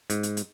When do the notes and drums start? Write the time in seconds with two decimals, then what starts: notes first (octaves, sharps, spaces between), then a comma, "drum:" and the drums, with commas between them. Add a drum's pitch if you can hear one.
0.10 G#2, drum: hi-hat
0.23 drum: hi-hat
0.37 drum: hi-hat